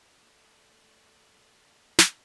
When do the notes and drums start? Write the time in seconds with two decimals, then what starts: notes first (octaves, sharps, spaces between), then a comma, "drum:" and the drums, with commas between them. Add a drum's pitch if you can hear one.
0.20 A3 D5
1.99 drum: snare